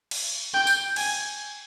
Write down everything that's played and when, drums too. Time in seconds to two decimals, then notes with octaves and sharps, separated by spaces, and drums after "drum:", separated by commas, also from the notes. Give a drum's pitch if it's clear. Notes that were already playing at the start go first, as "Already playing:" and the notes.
0.11 drum: cymbal
0.54 G5
0.67 drum: tambourine
0.96 G#5, drum: cymbal